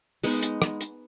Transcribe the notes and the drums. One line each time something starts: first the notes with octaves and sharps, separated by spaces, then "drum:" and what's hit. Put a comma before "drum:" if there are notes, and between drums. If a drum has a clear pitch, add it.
G#3 B3 D#4, drum: open hi-hat
drum: hi-hat
drum: rim click
drum: hi-hat